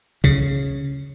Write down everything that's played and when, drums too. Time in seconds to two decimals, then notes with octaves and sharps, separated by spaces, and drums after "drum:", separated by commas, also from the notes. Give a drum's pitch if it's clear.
0.24 C#3, drum: kick